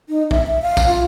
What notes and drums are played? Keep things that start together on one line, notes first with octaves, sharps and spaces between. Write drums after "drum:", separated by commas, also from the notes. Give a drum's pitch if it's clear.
D#4
E5, drum: kick A#1
E5
F5
drum: kick A#1, tambourine
F4